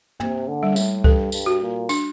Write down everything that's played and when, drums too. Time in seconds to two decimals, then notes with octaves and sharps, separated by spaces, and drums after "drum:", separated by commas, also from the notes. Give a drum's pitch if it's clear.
0.20 C3 A#3, drum: tom
0.48 D3
0.63 G3
0.76 A2, drum: tambourine
1.04 G2 A4, drum: kick C#2
1.32 G2, drum: tambourine
1.46 F#4
1.62 A#2
1.89 D4, drum: tambourine